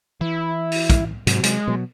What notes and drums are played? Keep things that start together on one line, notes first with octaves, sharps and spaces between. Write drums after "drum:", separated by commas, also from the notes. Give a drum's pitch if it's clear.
E3 E4
drum: open hi-hat
drum: kick, hi-hat
G#2 C3 F#3, drum: hi-hat
G#3, drum: hi-hat
B2 F#3